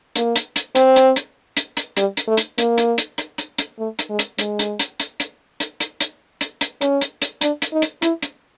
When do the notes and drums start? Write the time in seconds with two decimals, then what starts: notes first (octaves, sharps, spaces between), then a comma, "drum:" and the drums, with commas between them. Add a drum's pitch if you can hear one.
0.16 A#3, drum: hi-hat
0.36 drum: hi-hat
0.56 drum: hi-hat
0.75 C4, drum: hi-hat
0.96 drum: hi-hat
1.16 drum: hi-hat
1.57 drum: hi-hat
1.77 drum: hi-hat
1.97 G3, drum: hi-hat
2.17 drum: hi-hat
2.27 A3
2.37 drum: hi-hat
2.58 A#3, drum: hi-hat
2.78 drum: hi-hat
2.98 drum: hi-hat
3.18 drum: hi-hat
3.38 drum: hi-hat
3.58 drum: hi-hat
3.78 A3
3.99 drum: hi-hat
4.09 G#3
4.19 drum: hi-hat
4.39 G#3, drum: hi-hat
4.59 drum: hi-hat
4.79 drum: hi-hat
5.00 drum: hi-hat
5.20 drum: hi-hat
5.60 drum: hi-hat
5.80 drum: hi-hat
6.01 drum: hi-hat
6.41 drum: hi-hat
6.61 drum: hi-hat
6.81 C#4, drum: hi-hat
7.01 drum: hi-hat
7.22 drum: hi-hat
7.41 D4, drum: hi-hat
7.62 drum: hi-hat
7.73 D#4
7.82 drum: hi-hat
8.02 E4, drum: hi-hat
8.22 drum: hi-hat